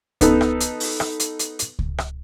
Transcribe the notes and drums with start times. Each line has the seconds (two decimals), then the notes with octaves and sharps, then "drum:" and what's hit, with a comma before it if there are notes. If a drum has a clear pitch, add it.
0.21 B3 D#4 A4, drum: kick C#2, hi-hat
0.41 drum: rim click
0.60 drum: hi-hat
0.80 drum: open hi-hat
1.00 drum: rim click
1.20 drum: hi-hat
1.39 drum: hi-hat
1.59 drum: hi-hat
1.79 drum: kick C#2
1.98 drum: rim click